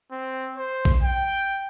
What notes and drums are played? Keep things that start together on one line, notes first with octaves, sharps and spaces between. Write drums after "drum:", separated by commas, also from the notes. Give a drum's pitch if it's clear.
C4
C5
drum: kick A#1
G5